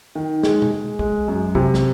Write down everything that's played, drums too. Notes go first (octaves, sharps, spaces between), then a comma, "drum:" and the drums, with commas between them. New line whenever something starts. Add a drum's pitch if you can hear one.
D#3
G#3, drum: snare
drum: tom
G#3
G#3, drum: kick
F#2
C3, drum: kick
drum: snare